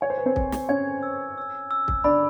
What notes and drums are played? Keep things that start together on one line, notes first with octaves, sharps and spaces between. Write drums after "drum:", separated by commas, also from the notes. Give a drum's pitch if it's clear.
C#5 G#5
C5
B4
C4 C5
G#5, drum: kick
drum: snare
C#4 C#5 G#6
E6
E6
E6
drum: kick
D4 D5 B5